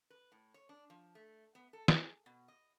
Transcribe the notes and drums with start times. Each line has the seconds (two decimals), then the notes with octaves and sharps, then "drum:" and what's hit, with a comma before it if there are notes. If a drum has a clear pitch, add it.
0.10 B4
0.32 A2
0.54 C#5
0.69 D4
0.90 F3
1.15 A3
1.55 B3
1.73 A4
1.88 G#4, drum: snare
2.26 B2
2.48 D#5